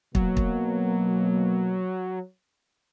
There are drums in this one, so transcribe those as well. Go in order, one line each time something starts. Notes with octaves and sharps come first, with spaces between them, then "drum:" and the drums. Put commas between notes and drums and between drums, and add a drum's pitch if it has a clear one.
B2 F#3 A#3, drum: kick
drum: kick